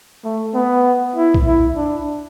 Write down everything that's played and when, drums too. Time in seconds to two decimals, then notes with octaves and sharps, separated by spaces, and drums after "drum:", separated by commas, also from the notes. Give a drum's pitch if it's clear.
0.24 A3
0.54 B3
1.16 E4
1.34 drum: kick
1.46 E4
1.76 D4